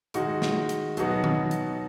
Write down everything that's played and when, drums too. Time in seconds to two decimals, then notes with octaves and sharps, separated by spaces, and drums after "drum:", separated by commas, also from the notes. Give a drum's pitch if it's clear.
0.14 D#3 G#3 D#4 F#4, drum: hi-hat
0.42 drum: snare
0.69 drum: hi-hat
0.97 B2 F#3 B3 D#4 F#4, drum: hi-hat
1.24 drum: tom D#3
1.51 drum: hi-hat